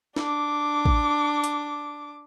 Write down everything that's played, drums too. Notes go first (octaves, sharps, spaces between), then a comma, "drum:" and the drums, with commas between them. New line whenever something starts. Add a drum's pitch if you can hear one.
D4 D6, drum: snare
drum: kick A1
drum: hi-hat